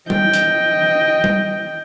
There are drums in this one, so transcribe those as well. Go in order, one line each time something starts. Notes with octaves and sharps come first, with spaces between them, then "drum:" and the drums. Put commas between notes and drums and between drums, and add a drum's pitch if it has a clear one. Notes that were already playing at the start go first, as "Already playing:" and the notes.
D#5 G5, drum: tom G3
drum: hi-hat
drum: tom G3